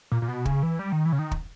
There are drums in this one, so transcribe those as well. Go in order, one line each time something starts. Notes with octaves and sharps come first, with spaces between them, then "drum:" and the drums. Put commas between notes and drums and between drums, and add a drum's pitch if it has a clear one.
A#2
A#2
B2
C#3, drum: kick
E3
G3
D#3
E3
C#3
D#3
drum: kick